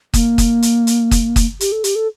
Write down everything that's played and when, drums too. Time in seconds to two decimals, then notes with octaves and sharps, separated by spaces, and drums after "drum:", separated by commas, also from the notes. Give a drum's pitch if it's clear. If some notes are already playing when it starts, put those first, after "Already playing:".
0.14 A#3, drum: kick, hi-hat
0.38 drum: kick, hi-hat
0.62 drum: hi-hat
0.87 drum: hi-hat
1.11 drum: kick, hi-hat
1.36 drum: kick, hi-hat
1.60 G4, drum: hi-hat
1.72 A4
1.84 G4, drum: hi-hat
1.95 A4